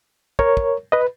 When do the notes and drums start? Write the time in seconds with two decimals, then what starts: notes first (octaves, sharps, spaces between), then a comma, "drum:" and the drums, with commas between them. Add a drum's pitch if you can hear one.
0.39 A#4 C#5, drum: kick
0.57 drum: kick
0.92 B4 D#5